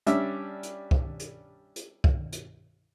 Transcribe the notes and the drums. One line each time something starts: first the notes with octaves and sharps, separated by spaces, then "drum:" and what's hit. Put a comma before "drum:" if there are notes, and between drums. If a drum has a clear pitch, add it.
G3 C#4 D4 E5, drum: hi-hat
drum: hi-hat
drum: kick
drum: hi-hat
drum: hi-hat
drum: kick
drum: hi-hat